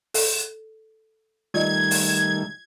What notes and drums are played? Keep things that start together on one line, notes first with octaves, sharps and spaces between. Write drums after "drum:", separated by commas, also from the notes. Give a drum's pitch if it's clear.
A4, drum: open hi-hat
D#3 G3 A3 F4 D5 D#5 G#6
drum: open hi-hat